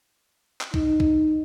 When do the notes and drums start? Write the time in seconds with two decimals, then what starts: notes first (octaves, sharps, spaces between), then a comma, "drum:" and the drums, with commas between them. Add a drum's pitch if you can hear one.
0.61 drum: clap
0.74 D#4, drum: kick
1.00 drum: kick